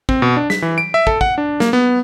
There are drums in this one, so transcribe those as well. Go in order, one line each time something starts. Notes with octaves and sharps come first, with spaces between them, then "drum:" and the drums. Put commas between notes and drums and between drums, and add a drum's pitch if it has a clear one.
C4, drum: kick
B2
D4
B6, drum: snare
E3
D7
E5
A4, drum: kick
F#5, drum: kick
D4
A#3, drum: snare
B3